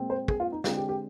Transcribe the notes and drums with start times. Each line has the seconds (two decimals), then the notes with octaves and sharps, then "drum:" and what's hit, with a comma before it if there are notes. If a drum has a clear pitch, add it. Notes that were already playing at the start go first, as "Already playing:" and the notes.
Already playing: A#2 G#3 C4
0.10 C5
0.28 G#4, drum: kick
0.40 F4
0.52 D#4
0.64 D3 G#3 C4 F4, drum: snare
0.77 G4
0.89 G4